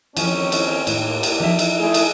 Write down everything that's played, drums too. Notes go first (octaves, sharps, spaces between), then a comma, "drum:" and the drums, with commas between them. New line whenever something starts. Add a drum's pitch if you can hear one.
D#2 F3 C4 C#4, drum: cymbal
drum: cymbal
D#2 A2, drum: cymbal
drum: cymbal
F3 D#4 E5
drum: cymbal
A3 E4 G#4
drum: cymbal